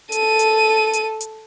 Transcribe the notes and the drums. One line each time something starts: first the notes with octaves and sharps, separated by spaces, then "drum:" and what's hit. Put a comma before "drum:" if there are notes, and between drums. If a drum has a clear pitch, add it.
A4 D#7, drum: hi-hat
drum: hi-hat
drum: hi-hat
drum: hi-hat